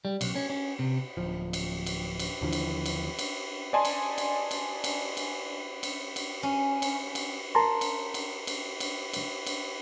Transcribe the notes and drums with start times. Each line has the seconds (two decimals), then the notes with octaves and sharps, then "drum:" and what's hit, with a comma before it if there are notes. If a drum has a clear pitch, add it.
0.05 G3
0.21 B1, drum: cymbal
0.36 C#4
0.50 C#4
0.79 C3
1.17 D1 F3
1.53 drum: cymbal
1.86 drum: cymbal
2.19 drum: cymbal
2.41 D#2 D3 E3 F3
2.52 drum: cymbal
2.86 drum: cymbal
3.19 drum: cymbal
3.73 D5 D#5 G#5 A5 C6
3.85 drum: cymbal
4.18 drum: cymbal
4.51 drum: cymbal
4.84 drum: cymbal
5.17 drum: cymbal
5.83 drum: cymbal
6.16 drum: cymbal
6.43 C#4
6.82 drum: cymbal
7.15 drum: cymbal
7.55 A#4 A5 A#5 C6
7.81 drum: cymbal
8.14 drum: cymbal
8.47 drum: cymbal
8.80 drum: cymbal
9.13 drum: cymbal
9.46 drum: cymbal